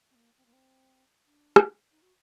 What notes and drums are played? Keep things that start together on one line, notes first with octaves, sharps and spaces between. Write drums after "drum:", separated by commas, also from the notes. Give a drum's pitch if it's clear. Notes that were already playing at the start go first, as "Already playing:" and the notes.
C4
A#3
C4
A#3
C4
D4
drum: rim click
D#4
F#4